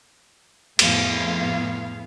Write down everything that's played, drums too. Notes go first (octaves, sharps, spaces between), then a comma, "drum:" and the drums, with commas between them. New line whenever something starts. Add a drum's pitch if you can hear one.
F2 A2 B3 E4 G#4 F5, drum: cymbal